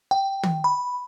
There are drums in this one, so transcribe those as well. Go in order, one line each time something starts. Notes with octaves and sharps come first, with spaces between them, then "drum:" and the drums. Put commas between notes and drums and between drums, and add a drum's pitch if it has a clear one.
G5
drum: tom
B5